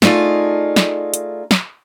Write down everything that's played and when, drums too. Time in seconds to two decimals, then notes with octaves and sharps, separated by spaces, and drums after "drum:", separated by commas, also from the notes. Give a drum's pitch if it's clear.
0.02 A3 D4 D#4 F4 G#4, drum: snare
0.76 drum: snare
1.14 drum: hi-hat
1.51 drum: snare